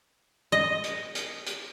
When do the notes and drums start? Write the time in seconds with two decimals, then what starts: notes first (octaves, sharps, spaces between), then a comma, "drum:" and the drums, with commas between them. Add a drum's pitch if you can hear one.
0.52 D#5
0.84 drum: hi-hat
1.15 drum: hi-hat
1.46 drum: hi-hat